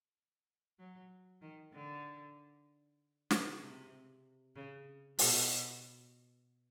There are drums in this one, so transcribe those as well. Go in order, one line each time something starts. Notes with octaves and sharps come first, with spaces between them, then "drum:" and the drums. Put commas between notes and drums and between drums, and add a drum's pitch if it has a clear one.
F#3
D#3
D3
C#3, drum: snare
C3
C#3
B2, drum: open hi-hat